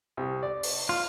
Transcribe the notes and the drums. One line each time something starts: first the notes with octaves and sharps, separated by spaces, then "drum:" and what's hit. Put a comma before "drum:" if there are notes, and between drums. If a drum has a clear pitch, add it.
C2
D5
drum: open hi-hat
F4